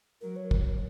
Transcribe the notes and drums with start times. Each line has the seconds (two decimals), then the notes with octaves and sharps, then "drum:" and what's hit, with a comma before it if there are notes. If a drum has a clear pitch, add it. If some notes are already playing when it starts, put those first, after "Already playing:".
0.21 F#3 A#4
0.36 C#5
0.51 drum: kick